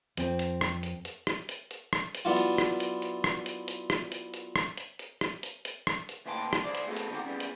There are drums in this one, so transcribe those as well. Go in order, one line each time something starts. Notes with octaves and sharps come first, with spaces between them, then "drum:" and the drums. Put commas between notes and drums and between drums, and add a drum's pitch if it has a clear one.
F2 C4, drum: hi-hat
drum: hi-hat
drum: rim click
drum: hi-hat
drum: hi-hat
drum: rim click
drum: hi-hat
drum: hi-hat
drum: rim click
drum: hi-hat
F#3 B3 D4 E4 F4
drum: hi-hat
drum: rim click
drum: hi-hat
drum: hi-hat
drum: rim click
drum: hi-hat
drum: hi-hat
drum: rim click
drum: hi-hat
drum: hi-hat
drum: rim click
drum: hi-hat
drum: hi-hat
drum: rim click
drum: hi-hat
drum: hi-hat
drum: rim click
drum: hi-hat
D2 A#2 B4 C5 G5 A5
drum: rim click
D3 C5 D5
drum: hi-hat
G#3 A3 B3 C4 F#4 A4
drum: hi-hat
D3 D#3 C4 D#4 F#4 G4
C#3 G3 B3
drum: hi-hat